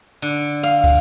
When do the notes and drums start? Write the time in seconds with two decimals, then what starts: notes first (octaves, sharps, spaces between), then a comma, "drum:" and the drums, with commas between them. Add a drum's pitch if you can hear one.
0.22 D3
0.63 F5
0.84 drum: kick, open hi-hat